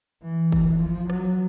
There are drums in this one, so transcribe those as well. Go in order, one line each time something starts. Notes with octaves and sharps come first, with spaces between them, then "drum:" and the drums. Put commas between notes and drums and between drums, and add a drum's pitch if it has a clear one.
E3
drum: kick G1
F3
F#3, drum: rim click